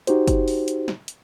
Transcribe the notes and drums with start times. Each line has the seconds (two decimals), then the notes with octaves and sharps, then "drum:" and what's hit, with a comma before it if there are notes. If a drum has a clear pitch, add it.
0.07 D#4 F#4 G4 C5, drum: hi-hat
0.28 drum: kick F#1, hi-hat
0.48 drum: open hi-hat
0.68 drum: hi-hat
0.88 drum: snare
1.08 drum: hi-hat